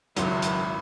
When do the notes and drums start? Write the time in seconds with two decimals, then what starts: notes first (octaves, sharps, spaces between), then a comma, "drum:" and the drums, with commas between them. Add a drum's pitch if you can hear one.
0.17 G#1 C#2 F#2 C3 F#3 E4 C6, drum: hi-hat
0.42 drum: hi-hat